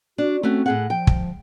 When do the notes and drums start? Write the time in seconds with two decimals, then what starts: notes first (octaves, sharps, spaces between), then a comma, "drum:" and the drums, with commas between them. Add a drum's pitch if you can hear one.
0.18 D4 F#4
0.43 A3 C4 C#4 F#4
0.66 A2 G#4 F#5
0.90 F3 G5
1.07 drum: kick